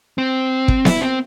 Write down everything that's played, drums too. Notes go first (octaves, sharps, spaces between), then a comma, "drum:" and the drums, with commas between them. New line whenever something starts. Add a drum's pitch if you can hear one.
C4
drum: kick
E4, drum: snare B3
C4